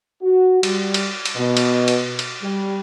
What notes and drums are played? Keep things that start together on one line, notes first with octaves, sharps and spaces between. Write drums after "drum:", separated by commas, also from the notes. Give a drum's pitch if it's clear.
F#4
G3, drum: cymbal
drum: cymbal
drum: cymbal
B2
drum: cymbal
drum: cymbal
drum: cymbal
G3